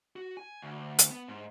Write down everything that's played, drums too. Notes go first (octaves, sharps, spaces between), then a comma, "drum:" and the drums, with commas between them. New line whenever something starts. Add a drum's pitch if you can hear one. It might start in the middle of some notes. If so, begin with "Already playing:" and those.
F#4
G#5
D2
drum: hi-hat
B3
G#2